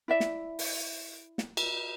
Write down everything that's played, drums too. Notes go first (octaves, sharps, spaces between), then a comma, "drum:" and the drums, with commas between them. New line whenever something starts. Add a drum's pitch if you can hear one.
E4 D5 E5
drum: snare
drum: open hi-hat
drum: snare
drum: cymbal